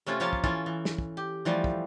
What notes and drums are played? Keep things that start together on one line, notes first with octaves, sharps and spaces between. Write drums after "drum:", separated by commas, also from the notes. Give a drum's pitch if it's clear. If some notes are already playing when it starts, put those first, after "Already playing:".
C3 A3 C#4 F4 A4
F3 A#3 F4 C#5 A5
drum: kick
E3 C#4 F4 A4, drum: kick
E3
drum: snare
drum: kick
G4
E3 F3 G3 A3
drum: kick